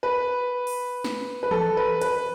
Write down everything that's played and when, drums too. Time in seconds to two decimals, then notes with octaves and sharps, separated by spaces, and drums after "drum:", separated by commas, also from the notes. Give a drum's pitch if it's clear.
0.03 B4
0.67 drum: open hi-hat
1.04 drum: snare
1.43 B4
1.51 A4, drum: tom E3
1.77 B4
2.01 B4, drum: hi-hat